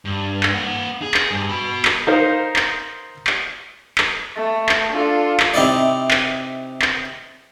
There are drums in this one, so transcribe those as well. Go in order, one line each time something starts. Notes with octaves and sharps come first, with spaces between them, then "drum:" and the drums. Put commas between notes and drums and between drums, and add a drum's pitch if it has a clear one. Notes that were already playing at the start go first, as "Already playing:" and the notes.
G2
drum: clap
A#3 F#5
G#4
drum: clap
G2
F#4 B5
drum: clap
D#4 A#4 C5 F5
drum: clap
drum: clap
drum: clap
A3
drum: clap
D4 F4 A4
drum: clap
C3 C4 D#4 E4 D5
drum: clap
drum: clap